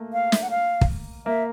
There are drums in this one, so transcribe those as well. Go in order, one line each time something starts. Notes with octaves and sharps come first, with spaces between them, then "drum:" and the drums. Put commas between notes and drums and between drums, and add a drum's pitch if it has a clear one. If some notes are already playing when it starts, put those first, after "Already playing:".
Already playing: A3 A#3
F5
E5, drum: snare
F#5
F5
drum: kick
A#3 E5